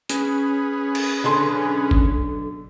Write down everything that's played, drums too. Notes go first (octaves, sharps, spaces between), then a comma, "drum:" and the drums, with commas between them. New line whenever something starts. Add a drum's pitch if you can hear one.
C#4 G#4 B4, drum: hi-hat
drum: cymbal
B1 D3 C6
drum: kick